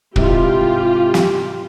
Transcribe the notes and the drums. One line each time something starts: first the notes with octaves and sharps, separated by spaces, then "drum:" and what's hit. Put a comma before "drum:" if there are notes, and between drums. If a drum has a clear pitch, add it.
G#2 C3 E4 F4 G4, drum: kick
drum: snare